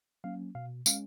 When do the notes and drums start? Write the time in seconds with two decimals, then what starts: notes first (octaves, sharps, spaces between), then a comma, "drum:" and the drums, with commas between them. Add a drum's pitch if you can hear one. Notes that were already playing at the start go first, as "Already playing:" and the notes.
0.24 F#3 A#3 C#4 F5
0.55 B2 F5
0.86 G#3 C#4 F5, drum: tambourine